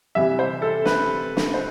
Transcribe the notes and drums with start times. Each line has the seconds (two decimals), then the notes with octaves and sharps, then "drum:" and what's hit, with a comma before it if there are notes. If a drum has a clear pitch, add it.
0.15 C3 E3 G3 E5
0.39 C5
0.62 A4
0.85 B4, drum: snare
1.37 drum: snare
1.54 C5